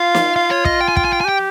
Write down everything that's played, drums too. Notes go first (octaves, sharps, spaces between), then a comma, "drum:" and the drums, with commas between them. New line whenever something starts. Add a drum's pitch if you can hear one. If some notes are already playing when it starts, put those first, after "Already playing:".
Already playing: F4 F5
drum: snare
F5
C#5
D#5, drum: kick
G5
G#5
G5, drum: kick
G#5
G5
G#5
G4 G5